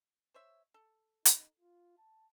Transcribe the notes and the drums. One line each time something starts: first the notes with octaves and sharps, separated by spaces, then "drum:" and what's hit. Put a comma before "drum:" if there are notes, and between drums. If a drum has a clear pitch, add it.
C5 C#5 E5
A4
D#4, drum: hi-hat
F4
A5